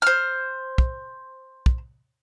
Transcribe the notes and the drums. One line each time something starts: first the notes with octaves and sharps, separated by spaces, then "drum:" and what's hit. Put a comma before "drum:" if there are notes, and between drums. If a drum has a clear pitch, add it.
C5 F6
drum: kick
drum: kick